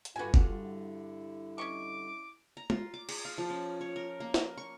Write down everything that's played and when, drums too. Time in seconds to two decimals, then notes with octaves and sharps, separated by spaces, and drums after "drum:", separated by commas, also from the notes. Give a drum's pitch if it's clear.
0.05 drum: hi-hat
0.16 G2 D3 F4 F#4 B4 G#5
0.34 drum: kick F#1
0.61 E4
1.58 C#4 D#5 C#6 D6
2.57 A#5
2.70 F4, drum: tom G#3
2.94 D6
3.09 G#4, drum: cymbal
3.25 F5
3.38 F3
3.50 C#4
3.81 C#5
3.96 A#4
4.20 A#3
4.34 A#4, drum: snare
4.57 C#6